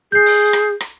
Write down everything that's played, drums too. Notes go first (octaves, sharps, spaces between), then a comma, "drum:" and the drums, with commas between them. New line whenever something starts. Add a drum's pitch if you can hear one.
G#4 G6 C7
drum: open hi-hat
drum: rim click
drum: rim click